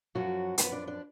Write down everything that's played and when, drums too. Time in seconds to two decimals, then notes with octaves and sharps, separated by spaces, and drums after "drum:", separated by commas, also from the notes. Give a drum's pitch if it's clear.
0.15 F#2 F3 F#3 F#4
0.58 F#2 F3 B3 B4, drum: hi-hat
0.72 D4 D5
0.87 D4 D5